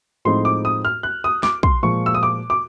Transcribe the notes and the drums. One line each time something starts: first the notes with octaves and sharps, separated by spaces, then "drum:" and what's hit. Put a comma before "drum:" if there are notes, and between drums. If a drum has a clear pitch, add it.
A2 F3 G#3 C4 D#4 C6
D6
D#6
F6
F#6
D#6
D6, drum: snare
C6, drum: kick
A#2 F3 G#3 C#6
E6
D#6
D6
D6